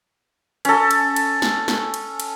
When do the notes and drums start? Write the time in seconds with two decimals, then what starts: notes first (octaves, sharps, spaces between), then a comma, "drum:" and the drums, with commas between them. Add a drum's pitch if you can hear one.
0.65 C#4 A4, drum: cymbal
0.91 drum: cymbal
1.16 drum: cymbal
1.42 drum: snare
1.68 drum: snare
1.94 drum: cymbal
2.20 drum: cymbal